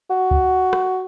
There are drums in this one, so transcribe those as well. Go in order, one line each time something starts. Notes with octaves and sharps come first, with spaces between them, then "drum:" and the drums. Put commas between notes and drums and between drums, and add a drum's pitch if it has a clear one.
F#4
drum: kick C#2
drum: rim click